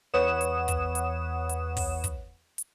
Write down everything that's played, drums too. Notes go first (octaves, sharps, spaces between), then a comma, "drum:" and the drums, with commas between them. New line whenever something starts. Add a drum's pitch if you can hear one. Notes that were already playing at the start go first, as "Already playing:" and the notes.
E2 B4 C#5 F#5 D#6 E7
drum: hi-hat
drum: kick, hi-hat
drum: hi-hat
drum: hi-hat
drum: kick, open hi-hat
drum: kick, hi-hat
drum: hi-hat